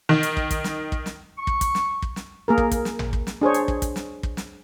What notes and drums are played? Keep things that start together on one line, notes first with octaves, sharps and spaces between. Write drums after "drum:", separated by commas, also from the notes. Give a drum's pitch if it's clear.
D#3
drum: hi-hat
drum: kick
drum: kick, hi-hat
drum: snare
drum: kick
drum: snare
C#6
drum: kick
drum: kick, hi-hat
drum: snare
drum: kick
drum: snare
A#3 G#4 A#4
drum: kick
drum: kick, hi-hat
drum: snare
drum: tom
drum: kick
drum: snare
D4 G#4 C5 C#5
drum: hi-hat
drum: kick
drum: kick, hi-hat
drum: snare
drum: kick
drum: snare